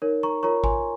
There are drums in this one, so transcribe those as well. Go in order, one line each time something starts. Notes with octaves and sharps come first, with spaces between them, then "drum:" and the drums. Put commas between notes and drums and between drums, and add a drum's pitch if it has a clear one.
D#4 A#4 C#5
A#5 C#6
F4 A#4 C#5 A#5 C#6
G#5 C6, drum: kick A1